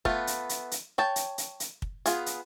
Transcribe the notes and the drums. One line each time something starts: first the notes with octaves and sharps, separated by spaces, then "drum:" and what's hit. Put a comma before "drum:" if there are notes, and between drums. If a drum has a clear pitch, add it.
A3 B3 F4, drum: kick
drum: hi-hat
drum: hi-hat
drum: hi-hat
C#5 G5 A5
drum: hi-hat
drum: hi-hat
drum: hi-hat
drum: kick
B3 F4 G#4, drum: hi-hat
drum: hi-hat